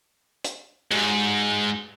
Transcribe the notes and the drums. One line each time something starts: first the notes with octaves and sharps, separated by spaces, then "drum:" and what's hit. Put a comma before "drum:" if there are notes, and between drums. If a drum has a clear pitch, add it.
drum: hi-hat
G#2, drum: cymbal